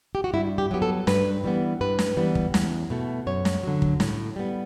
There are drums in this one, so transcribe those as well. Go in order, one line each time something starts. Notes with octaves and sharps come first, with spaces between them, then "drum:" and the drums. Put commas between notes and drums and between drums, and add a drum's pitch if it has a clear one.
G4
F#4
G2 E4
G4
F#3 B3 G4
A4
G2 B4, drum: snare
E3 G3 B3
G2 B4
drum: snare
E3 G3 B3
drum: kick
E2, drum: snare
B2 A3
F#2 C#5
drum: snare
D3 F#3
drum: kick
A2, drum: snare
G3 B3